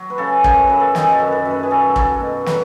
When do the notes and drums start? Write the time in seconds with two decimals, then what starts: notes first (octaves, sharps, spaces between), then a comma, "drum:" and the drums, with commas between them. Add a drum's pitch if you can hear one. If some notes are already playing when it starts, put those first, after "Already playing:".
Already playing: F#3
0.10 B4
0.18 C#3 A4
0.44 F#2, drum: kick
0.67 F#2 B4
0.80 A4
0.95 D#3 G#4, drum: snare
1.13 A4
1.19 F#2
1.27 B4
1.32 A4
1.45 F#2
1.51 B4
1.63 G#4
1.71 F#3 A4
1.96 F#3 A4, drum: kick
2.20 B2
2.46 F#3 B4, drum: snare